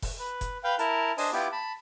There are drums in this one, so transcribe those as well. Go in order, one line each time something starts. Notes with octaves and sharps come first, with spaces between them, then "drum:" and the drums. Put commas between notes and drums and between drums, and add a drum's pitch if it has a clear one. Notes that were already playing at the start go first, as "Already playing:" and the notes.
drum: kick F1, open hi-hat
B4
drum: kick F1, hi-hat
B4 F5 G5
E4 A#4 A5, drum: hi-hat
D4 C5 D#5 G#5, drum: open hi-hat
B3 E4 F4 G4 D6
A5 B5